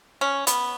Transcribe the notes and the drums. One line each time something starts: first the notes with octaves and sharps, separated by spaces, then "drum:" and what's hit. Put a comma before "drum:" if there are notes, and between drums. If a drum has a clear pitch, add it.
C#4
B3, drum: hi-hat